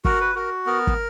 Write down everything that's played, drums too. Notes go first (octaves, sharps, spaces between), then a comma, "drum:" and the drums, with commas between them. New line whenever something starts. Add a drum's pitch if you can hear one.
F#4 A#4, drum: kick
B4
F#4 A#4
B3 A#4
drum: kick